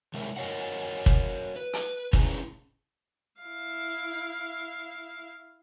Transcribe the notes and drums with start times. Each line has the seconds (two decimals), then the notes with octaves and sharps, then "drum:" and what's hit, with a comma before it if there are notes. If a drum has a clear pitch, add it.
0.14 C3 G#3 A#4 E5
0.37 F#4 A#4 C#5 D#5 F5 F#5
1.06 drum: kick
1.56 B4
1.73 drum: hi-hat
2.13 C#4 E4 G#4 B4 A#5, drum: kick
3.41 E4 F5